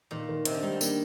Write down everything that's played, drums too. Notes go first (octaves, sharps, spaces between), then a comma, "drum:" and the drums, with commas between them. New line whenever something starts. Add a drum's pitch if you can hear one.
A#2 D#3
D#3
C3 D#4, drum: hi-hat
D3
D#3 G3
D3
D#3 A#3, drum: tambourine